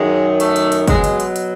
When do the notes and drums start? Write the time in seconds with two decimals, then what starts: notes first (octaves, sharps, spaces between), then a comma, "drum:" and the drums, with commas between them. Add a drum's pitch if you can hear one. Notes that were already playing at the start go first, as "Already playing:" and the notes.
Already playing: F#2 D#3 F#3 G#3
0.40 A3, drum: hi-hat
0.56 drum: hi-hat
0.72 drum: hi-hat
0.88 B2 F#3 G#3, drum: kick, hi-hat
1.04 drum: hi-hat
1.20 drum: hi-hat
1.36 drum: hi-hat